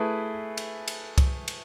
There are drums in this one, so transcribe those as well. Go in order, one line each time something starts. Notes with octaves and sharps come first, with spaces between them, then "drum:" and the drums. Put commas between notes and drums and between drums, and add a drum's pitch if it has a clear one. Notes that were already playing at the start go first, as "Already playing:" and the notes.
Already playing: A3 E4 G#4 B4
drum: cymbal
drum: cymbal
drum: kick C2, cymbal
drum: cymbal